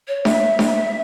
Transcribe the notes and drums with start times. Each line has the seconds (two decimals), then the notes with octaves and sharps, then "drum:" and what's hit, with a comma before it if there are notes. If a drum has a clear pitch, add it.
0.08 C#5
0.25 E5, drum: snare D4
0.59 drum: snare D4